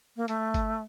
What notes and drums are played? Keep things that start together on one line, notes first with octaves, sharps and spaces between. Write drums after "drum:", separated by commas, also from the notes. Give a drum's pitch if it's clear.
A#3
A3, drum: hi-hat
drum: kick G1, hi-hat